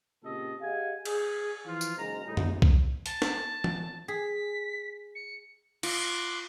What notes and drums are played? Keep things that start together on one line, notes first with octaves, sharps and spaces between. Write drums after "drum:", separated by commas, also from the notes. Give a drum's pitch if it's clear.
A#2 C#3 C4 G4 A4 D#5
G4 G#4 D#5 F5 F#5 G#5
G#4, drum: cymbal
E3 F3 F4
drum: tambourine
F#1 G#2 A#5
A2 G3 D#4
drum: tom
drum: kick C2
A5, drum: hi-hat
drum: snare
drum: tom
G#4 B6
C#7
F4 C6 D6 F#6, drum: cymbal